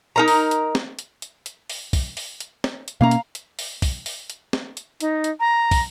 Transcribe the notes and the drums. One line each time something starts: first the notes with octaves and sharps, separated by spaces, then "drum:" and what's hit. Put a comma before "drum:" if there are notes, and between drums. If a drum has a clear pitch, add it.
D#4 A#4 A#5
drum: open hi-hat
drum: hi-hat
drum: snare
drum: hi-hat
drum: hi-hat
drum: hi-hat
drum: open hi-hat
drum: kick, open hi-hat
drum: open hi-hat
drum: hi-hat
drum: snare
drum: hi-hat
B2 A#3 C#4 F5 A#5
drum: hi-hat
drum: hi-hat
drum: open hi-hat
drum: kick, open hi-hat
drum: open hi-hat
drum: hi-hat
drum: snare
drum: hi-hat
D#4, drum: hi-hat
drum: hi-hat
A#5
drum: kick, open hi-hat